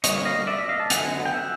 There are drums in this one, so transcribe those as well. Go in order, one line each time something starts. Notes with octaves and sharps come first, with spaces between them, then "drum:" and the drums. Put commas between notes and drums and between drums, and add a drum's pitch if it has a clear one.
D3 G3 A#3 C#5 D#5, drum: hi-hat
D#5 F5
D5 E5
E5
D#5 F5
A5
D3 F#3 B3 F#5 G#5, drum: hi-hat
G5
E5 F#5